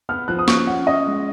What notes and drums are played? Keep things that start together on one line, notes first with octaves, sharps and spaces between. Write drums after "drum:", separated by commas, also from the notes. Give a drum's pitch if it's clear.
B3 F6
F3 F#6
D#6
C#4 C#6, drum: snare
C#4 F#5
C#4 D#5
G#3